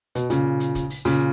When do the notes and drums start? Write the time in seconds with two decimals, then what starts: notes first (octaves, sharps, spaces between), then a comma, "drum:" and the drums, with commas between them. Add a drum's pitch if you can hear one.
0.15 B2, drum: hi-hat
0.30 A#2 C#3, drum: hi-hat
0.60 drum: hi-hat
0.75 drum: kick, hi-hat
0.90 drum: open hi-hat
1.05 A#2 C#3, drum: open hi-hat